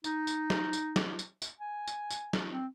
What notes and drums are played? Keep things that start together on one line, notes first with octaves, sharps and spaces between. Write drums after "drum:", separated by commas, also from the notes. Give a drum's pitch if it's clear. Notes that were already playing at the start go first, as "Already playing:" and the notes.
D#4, drum: tambourine
drum: tambourine
drum: snare
drum: tambourine
drum: snare
drum: tambourine
drum: tambourine
G#5
drum: tambourine
drum: tambourine
drum: snare
C4